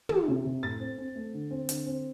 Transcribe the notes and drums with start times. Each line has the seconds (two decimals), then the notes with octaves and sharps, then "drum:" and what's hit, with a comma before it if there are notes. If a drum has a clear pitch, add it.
0.09 E3, drum: tom
0.28 C3
0.45 C3
0.63 A2 A6
0.80 C4
0.98 C4
1.15 A3
1.33 D3
1.51 C4
1.69 D3, drum: hi-hat
1.86 C4